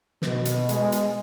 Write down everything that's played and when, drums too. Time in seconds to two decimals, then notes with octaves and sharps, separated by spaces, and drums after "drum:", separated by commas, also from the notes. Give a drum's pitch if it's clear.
0.22 B2, drum: snare
0.45 drum: hi-hat
0.69 G#3, drum: hi-hat
0.92 drum: hi-hat